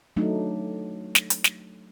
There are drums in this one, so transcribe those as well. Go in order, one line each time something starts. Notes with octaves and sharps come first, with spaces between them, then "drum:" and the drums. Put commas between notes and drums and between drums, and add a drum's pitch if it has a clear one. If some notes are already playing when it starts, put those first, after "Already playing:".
F#3 A3 D4 D#4
drum: snare
drum: hi-hat
drum: snare